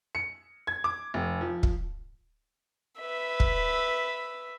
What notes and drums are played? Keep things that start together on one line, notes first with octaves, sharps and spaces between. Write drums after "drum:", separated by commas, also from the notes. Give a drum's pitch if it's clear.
C#7
G#6
D6
F1
F3
drum: kick
B4 E5
drum: kick